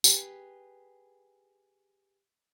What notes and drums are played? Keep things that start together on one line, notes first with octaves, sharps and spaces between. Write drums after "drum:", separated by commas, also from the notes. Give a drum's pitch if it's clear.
G4 G#4 B4, drum: tambourine